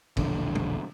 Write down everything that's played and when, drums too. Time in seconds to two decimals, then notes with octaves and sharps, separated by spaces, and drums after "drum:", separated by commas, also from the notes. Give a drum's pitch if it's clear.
0.17 E1 A#1 D3, drum: kick, cymbal
0.55 drum: tom